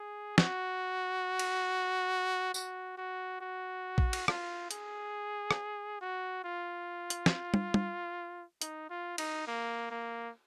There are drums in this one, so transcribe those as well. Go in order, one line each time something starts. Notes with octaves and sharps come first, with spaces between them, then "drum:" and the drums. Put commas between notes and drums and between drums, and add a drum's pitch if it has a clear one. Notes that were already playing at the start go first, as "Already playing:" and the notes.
Already playing: G#4
F#4, drum: snare
drum: cymbal
F#4, drum: tambourine
F#4
F#4
drum: kick A#1
drum: cymbal
F4, drum: rim click
G#4, drum: hi-hat
drum: rim click
F#4
F4
drum: hi-hat
drum: snare
drum: tom
drum: tom
D#4, drum: hi-hat
F4
D#4, drum: cymbal
A#3
A#3